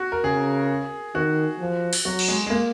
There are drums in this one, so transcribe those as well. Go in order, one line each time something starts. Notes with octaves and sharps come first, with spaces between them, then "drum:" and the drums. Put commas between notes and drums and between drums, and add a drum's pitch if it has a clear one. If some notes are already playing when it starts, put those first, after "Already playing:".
Already playing: F#4
A#4
C#3 G#4
D#3 F#4
F3
drum: open hi-hat
F#3 F#4
drum: cymbal
G#3
G#3
A#3